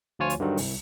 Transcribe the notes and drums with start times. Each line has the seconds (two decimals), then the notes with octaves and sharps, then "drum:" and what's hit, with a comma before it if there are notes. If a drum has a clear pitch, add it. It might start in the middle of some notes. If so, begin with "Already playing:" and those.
0.19 D2 F3 F4 C#5 G#5
0.30 drum: hi-hat
0.40 G2 D3 D#3 F#3
0.57 C2, drum: open hi-hat